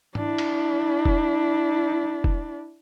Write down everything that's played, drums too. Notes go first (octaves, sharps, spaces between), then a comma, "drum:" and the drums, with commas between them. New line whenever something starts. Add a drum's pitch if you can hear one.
D4 E4, drum: tom G#2
drum: cymbal
drum: kick
drum: kick